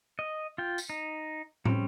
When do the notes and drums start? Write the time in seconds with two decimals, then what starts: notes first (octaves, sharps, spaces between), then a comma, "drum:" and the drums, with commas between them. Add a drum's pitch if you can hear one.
0.19 D#5
0.58 F4 G5
0.78 drum: tambourine
0.90 D#4
1.65 G3 C4 C#4, drum: tom